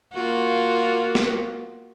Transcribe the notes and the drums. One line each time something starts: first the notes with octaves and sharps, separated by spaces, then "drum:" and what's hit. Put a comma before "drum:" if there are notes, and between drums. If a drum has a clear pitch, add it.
A#3 F4 F#4
drum: snare